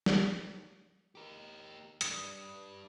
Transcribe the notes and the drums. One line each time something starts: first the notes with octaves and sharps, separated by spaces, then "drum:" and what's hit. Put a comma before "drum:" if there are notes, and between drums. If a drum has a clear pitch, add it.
drum: snare
G4 A#4
G3 D4 D#6 C#7 E7, drum: hi-hat